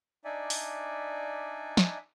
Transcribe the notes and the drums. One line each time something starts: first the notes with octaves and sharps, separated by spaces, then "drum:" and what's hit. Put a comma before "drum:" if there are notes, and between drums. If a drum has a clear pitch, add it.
D4 D#4 D5 E5 G#5
drum: open hi-hat
drum: snare